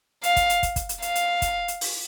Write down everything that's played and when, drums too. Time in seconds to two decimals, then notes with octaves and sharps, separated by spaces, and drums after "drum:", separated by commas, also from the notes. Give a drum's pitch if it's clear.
0.23 F5, drum: hi-hat
0.36 drum: kick, hi-hat
0.50 drum: hi-hat
0.63 drum: kick, hi-hat
0.76 drum: kick, hi-hat
0.89 drum: hi-hat
1.02 F5, drum: hi-hat
1.15 drum: hi-hat
1.42 drum: kick, hi-hat
1.68 drum: hi-hat
1.81 drum: open hi-hat